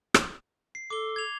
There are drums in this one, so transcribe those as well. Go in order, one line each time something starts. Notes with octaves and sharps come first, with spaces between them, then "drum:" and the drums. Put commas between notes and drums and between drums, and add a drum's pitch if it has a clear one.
drum: rim click
C7
A4 D6 G7
G#6 F7